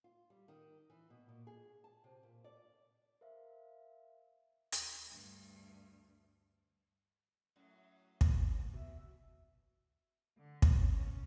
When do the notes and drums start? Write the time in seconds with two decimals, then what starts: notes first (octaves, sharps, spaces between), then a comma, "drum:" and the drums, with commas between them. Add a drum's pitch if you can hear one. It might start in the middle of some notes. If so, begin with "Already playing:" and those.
0.04 F4
0.30 G3
0.48 D#3
0.90 E3
1.10 B2
1.28 A#2
1.47 G#4
1.84 A5
2.04 C3
2.23 A#2
2.44 D5
3.21 A#4 C5 E5 F5
4.72 drum: hi-hat
5.08 D2 G2
7.56 F#2 A2 F#3
8.21 drum: kick
8.73 B2 E5
10.37 D3
10.62 drum: kick
10.76 C#4